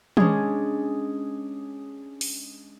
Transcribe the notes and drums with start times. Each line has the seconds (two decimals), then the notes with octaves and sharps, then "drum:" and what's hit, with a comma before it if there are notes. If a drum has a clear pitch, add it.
0.17 G#3 C#4 D4 G#4, drum: tom
2.21 drum: open hi-hat